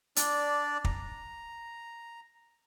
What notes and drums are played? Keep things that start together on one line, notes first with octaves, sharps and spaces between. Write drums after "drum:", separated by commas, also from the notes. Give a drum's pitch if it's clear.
D4 D5, drum: hi-hat
A#5, drum: kick